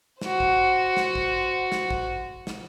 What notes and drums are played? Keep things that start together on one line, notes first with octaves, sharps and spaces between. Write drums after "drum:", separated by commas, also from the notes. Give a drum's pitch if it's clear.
F#4 C5, drum: snare
drum: kick
drum: snare
drum: kick
drum: snare
drum: kick
drum: snare